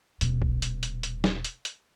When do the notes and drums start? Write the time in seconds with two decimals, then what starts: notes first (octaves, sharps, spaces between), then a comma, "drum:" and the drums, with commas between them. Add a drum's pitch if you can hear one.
0.21 D#1 B2, drum: hi-hat
0.42 drum: kick B1
0.62 drum: hi-hat
0.83 drum: hi-hat
1.03 drum: hi-hat
1.24 drum: snare
1.44 drum: hi-hat
1.65 drum: hi-hat